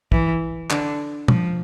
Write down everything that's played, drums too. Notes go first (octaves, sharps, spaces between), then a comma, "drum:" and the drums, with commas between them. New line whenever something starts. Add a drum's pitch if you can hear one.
E3, drum: kick
D3, drum: clap
F3, drum: tom